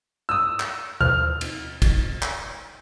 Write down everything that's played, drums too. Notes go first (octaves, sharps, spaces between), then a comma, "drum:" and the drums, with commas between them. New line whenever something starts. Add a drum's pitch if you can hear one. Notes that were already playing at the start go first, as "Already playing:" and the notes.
D#6 E6
drum: clap
D#2 B2 F3 F6
drum: cymbal
drum: kick, cymbal
drum: clap